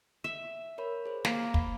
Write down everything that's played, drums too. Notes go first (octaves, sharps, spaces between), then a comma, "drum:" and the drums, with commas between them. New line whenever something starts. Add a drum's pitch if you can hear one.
E5
A#4 C#5 B5
G#4 C5
A#3, drum: snare
F5 B5, drum: kick